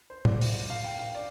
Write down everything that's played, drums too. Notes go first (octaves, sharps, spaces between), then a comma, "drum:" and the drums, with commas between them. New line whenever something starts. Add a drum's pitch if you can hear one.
C5
D5, drum: tom
drum: open hi-hat
F5
G5
F5
D5